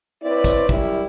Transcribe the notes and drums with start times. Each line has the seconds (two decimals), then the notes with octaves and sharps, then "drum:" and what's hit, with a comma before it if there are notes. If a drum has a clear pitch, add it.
0.23 C4 E4 B4 C#5 D5
0.44 drum: kick, tambourine
0.69 F#2 G3 E4, drum: kick